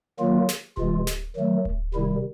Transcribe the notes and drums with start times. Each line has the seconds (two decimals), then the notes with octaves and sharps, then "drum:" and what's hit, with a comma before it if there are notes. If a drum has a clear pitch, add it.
0.20 D#3 F#3 A#3 F4
0.49 drum: snare
0.77 C3 E3 G#3 F4, drum: kick D1
1.07 drum: snare
1.36 D#3 F#3 A3
1.65 drum: kick D1
1.94 C3 D#3 G3 E4